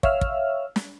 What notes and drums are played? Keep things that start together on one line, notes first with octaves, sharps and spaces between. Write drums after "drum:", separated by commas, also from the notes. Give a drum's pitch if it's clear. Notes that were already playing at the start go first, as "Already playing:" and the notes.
C#5 E5 F5 E6 F6, drum: kick
drum: kick
drum: snare